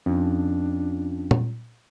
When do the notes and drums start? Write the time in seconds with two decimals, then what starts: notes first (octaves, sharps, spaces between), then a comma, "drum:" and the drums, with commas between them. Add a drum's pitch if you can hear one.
0.06 F2 C#4 D4
1.31 drum: tom A#2